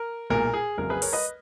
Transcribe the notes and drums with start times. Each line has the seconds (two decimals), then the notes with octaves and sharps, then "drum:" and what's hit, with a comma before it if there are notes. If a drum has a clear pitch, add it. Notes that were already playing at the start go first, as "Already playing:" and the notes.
Already playing: A#4
0.30 B1 A#2 G#3 A#4
0.54 G#4
0.78 F#1 F2 C#3 F#3 A#4
0.90 G#4 B4
1.02 A#4 C#5, drum: open hi-hat
1.13 B4 D#5